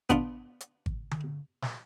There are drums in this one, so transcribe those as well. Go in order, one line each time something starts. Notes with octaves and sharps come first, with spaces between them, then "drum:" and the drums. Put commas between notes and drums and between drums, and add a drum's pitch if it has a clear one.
B3 D4 F4, drum: kick G#1, hi-hat
drum: hi-hat
drum: kick G#1
drum: tom D3
drum: snare